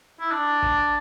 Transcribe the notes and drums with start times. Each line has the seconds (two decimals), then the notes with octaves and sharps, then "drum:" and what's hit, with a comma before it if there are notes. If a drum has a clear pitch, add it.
0.20 E4
0.31 D4
0.62 drum: kick